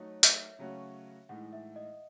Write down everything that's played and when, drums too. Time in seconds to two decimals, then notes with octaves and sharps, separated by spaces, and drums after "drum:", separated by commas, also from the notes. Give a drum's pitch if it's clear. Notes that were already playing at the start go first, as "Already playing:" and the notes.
Already playing: F#3 A3 D#4 C#5
0.23 E5, drum: hi-hat
0.59 C#3 F#3 A3 C#4 F#4
1.29 A2 E3 G#3 D#4 F#5
1.53 E5
1.76 D#5